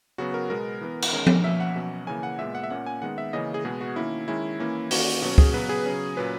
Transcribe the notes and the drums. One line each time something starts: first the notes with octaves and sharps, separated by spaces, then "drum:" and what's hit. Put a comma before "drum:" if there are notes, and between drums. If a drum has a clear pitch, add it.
C#3 F#3 B3 F#4
A#4
B2 G#3 B3 A#4
E3 B3
drum: cymbal
D#3 G#3 C#4 A#4
drum: tom F3
B2 A#3 C#4 E5
F#5
B2 F#3 C#4
C#3 E3 A#3 G#5
F#5
A#2 G#3 B3 E5
F#5
E5
A#2 A#3 C#4 F#5
G#5
D#3 G#3 B3 F#5
E5
C#3 E3 A#3 C#4 D#5
G#4
B2 G#3 B3 G#4
F#4
D#3 A#3 C#4 E4
D#3 G#3 C#4 E4
E3 A#3 C#4
D#3 A#3 C#4 F#4, drum: open hi-hat
B2 F#3 C#4 F#4
G#4, drum: kick
C#3 F#3 B3 B4
G#4
C#3 F#3 C#4
A#2 F#3 C#4 B4